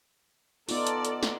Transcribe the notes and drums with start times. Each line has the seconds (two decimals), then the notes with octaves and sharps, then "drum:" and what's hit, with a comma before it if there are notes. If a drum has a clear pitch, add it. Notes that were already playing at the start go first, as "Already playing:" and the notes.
0.69 B3 D#4 F4 A4 D5 A5, drum: open hi-hat
0.87 drum: hi-hat
1.05 drum: hi-hat
1.23 drum: snare